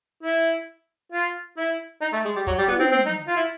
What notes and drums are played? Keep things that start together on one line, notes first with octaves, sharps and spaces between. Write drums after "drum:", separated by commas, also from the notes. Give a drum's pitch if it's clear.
E4
F4
E4
D#4
A3
G#3
G3
F#3, drum: kick
G3
B3, drum: tom
C4
C4
D#4
F4
E4